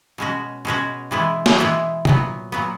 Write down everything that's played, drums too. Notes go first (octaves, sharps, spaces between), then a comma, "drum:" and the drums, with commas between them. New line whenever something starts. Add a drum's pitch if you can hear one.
B2 G#3 C#4 F#4
B2 G#3 C#4 F#4
E3 G#3 B3 E4
drum: snare
E3 G#3 B3 E4
A#2 F#3 B3, drum: tom
A#2 F#3 B3